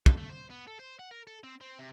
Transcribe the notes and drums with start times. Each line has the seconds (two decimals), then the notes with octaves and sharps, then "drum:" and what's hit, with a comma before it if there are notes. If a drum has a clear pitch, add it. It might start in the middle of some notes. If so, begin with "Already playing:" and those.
0.06 A4, drum: kick
0.18 A3
0.30 C5
0.50 B3
0.67 A4
0.79 C5
0.99 F#5
1.11 A#4
1.27 A4
1.43 C4
1.61 C4
1.79 C3